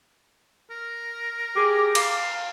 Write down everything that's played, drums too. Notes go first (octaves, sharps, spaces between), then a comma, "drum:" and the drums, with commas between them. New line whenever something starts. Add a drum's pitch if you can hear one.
A#4
G4 G#4 D6
F5, drum: cymbal